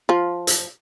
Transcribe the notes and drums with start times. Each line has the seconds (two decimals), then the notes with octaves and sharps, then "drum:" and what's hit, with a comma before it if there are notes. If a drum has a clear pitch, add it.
0.09 F3 F4
0.47 drum: hi-hat